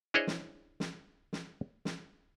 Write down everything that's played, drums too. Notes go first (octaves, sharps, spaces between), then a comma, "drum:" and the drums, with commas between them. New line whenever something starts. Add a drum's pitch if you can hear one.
D4 E4 G#4 C5 C#5 D#5
drum: snare
drum: snare
drum: snare
drum: snare